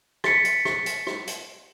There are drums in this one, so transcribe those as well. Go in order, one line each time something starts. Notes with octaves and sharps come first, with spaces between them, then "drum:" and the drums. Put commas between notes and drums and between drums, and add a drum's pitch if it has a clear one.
A6 B6 C#7, drum: rim click
drum: hi-hat
drum: rim click
drum: hi-hat
drum: rim click
drum: hi-hat